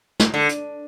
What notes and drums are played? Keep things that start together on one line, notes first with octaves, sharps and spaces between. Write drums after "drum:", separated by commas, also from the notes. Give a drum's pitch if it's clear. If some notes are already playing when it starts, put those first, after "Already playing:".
drum: snare
D3
drum: hi-hat